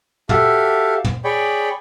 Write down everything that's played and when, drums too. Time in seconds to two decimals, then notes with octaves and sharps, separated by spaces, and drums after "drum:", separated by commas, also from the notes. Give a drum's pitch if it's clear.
0.29 F#4 G4 A4 E5 F5, drum: tom
1.05 drum: tom
1.24 G#4 C#5 D5 G5 B5